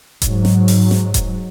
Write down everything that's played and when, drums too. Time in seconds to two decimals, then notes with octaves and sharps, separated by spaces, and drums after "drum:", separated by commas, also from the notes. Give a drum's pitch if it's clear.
0.22 G#2 F#3, drum: kick E1, hi-hat
0.45 drum: snare
0.68 drum: open hi-hat
0.91 drum: snare
1.14 drum: kick E1, hi-hat